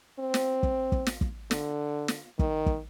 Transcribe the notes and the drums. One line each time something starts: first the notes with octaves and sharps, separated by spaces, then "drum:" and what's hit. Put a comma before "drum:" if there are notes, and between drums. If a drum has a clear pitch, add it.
C4
drum: snare
drum: kick
drum: kick
drum: snare
drum: kick
D3, drum: snare
drum: snare
D#3, drum: kick
drum: kick